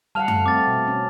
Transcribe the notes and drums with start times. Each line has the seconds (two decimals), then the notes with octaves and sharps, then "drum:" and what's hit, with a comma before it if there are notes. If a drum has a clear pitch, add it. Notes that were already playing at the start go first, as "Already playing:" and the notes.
0.15 G3 F5 F#5 A5 F6 F7
0.28 A3, drum: tom F#2
0.46 A3 C4 D6 A6
0.67 B2
0.87 C#4